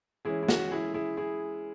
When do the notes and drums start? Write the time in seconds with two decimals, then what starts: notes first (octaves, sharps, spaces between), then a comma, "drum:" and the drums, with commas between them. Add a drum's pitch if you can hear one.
0.25 E3 G#3 C#4 E4 G#4
0.43 E4
0.49 F#4, drum: snare
0.71 E4 G#4
0.94 E4 G#4
1.17 E4 G#4